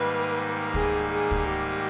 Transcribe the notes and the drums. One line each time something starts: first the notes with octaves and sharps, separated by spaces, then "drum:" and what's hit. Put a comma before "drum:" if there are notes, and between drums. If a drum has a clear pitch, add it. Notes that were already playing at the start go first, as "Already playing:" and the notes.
Already playing: G#2 D#3 G3 A#3 D#4 B4
G#4, drum: kick
G#4
drum: kick
G4